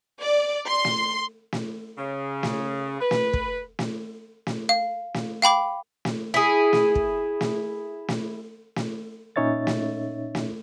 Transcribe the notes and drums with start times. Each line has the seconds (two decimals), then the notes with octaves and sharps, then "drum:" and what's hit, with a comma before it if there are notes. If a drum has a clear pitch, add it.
0.24 D5
0.68 C6
0.85 drum: snare
1.52 drum: snare
1.98 C#3
2.43 drum: snare
3.01 B4
3.11 drum: snare
3.33 drum: kick
3.79 drum: snare
4.47 drum: snare
4.69 F5
5.14 drum: snare
5.42 F5 G5 B5 D6
6.05 drum: snare
6.34 E4 G#4
6.73 drum: snare
6.95 drum: kick
7.41 drum: snare
8.08 drum: snare
8.76 drum: snare
9.36 A#2 C#4 D#4 C#5 E5 A6
9.67 drum: snare
10.35 drum: snare